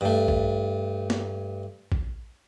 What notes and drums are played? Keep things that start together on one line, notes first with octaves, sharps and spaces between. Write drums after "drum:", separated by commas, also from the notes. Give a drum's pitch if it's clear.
G2 A3
drum: kick A1
drum: snare
drum: kick A1